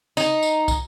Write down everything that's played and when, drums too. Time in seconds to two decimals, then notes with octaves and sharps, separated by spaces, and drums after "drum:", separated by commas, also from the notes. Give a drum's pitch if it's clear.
0.17 D#4, drum: tambourine
0.43 drum: tambourine
0.68 drum: kick, tambourine